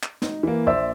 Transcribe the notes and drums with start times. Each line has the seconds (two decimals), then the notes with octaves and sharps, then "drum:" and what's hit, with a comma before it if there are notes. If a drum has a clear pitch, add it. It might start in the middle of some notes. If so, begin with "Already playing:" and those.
0.03 drum: clap
0.22 D#4, drum: snare
0.43 E3 A#3
0.67 A#1 C5 D5 E5 E6